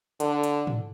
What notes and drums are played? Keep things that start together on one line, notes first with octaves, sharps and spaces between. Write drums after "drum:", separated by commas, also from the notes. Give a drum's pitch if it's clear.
D3, drum: hi-hat
drum: hi-hat
drum: tom G#2